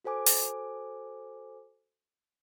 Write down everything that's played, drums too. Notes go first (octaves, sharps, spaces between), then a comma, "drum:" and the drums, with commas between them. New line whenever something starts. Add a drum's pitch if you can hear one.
F#4 A4 C5 G#5 D6
drum: open hi-hat